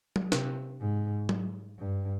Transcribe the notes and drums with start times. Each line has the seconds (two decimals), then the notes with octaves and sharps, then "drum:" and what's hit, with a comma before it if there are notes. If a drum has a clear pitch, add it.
0.16 drum: tom F#3
0.32 C3, drum: snare
0.81 G#2
1.29 drum: tom F#3
1.78 G2